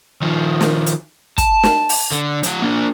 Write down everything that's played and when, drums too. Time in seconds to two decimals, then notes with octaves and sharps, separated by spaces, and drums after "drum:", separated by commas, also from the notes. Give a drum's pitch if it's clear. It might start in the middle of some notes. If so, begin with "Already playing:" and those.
0.22 D#3 F3
0.61 drum: snare
0.86 drum: hi-hat
1.38 A5, drum: kick, hi-hat
1.63 drum: snare
1.89 drum: open hi-hat
2.12 D3
2.43 F3 F#5, drum: hi-hat
2.62 A#3 D4